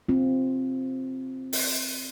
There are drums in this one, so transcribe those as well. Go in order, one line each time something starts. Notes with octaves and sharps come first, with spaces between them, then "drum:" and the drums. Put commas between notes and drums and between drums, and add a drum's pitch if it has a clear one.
C4 F4
drum: open hi-hat